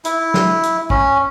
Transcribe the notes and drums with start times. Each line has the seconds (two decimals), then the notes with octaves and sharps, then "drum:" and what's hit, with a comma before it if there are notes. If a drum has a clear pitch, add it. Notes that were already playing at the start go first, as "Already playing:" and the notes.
0.05 E4, drum: hi-hat
0.34 drum: snare
0.63 drum: hi-hat
0.90 C#4, drum: kick